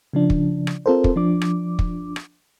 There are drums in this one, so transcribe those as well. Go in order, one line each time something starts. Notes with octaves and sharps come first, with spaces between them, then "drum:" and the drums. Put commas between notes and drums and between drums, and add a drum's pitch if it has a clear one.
C#3 F3 D4
drum: kick
drum: rim click
C4 F4 A4 A#4 C5
drum: kick
F3 D4 D6
drum: rim click
drum: kick
drum: rim click